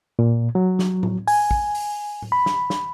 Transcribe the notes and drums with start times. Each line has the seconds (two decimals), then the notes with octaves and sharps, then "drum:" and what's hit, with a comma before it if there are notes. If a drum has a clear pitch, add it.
0.19 A#2
0.55 F#3
0.79 drum: snare
1.03 drum: tom A2
1.28 G#5, drum: open hi-hat
1.51 drum: kick
1.75 drum: open hi-hat
2.22 drum: tom A2
2.32 B5
2.46 drum: snare
2.70 drum: snare